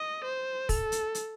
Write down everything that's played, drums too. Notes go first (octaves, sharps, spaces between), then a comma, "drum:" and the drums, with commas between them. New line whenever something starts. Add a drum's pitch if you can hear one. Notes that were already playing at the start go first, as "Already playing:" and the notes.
Already playing: D#5
C5
A4, drum: kick, open hi-hat
drum: hi-hat
drum: hi-hat